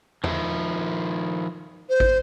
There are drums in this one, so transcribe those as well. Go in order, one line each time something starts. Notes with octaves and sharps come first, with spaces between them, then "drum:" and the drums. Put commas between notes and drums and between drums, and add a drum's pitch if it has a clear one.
D#3 F3 E4, drum: tom E2
C5
drum: kick